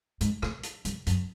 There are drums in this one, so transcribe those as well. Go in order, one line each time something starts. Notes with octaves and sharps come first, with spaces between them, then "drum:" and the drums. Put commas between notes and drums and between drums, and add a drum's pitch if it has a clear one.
G#2, drum: hi-hat
A2, drum: rim click
drum: hi-hat
G2, drum: hi-hat
F#2, drum: hi-hat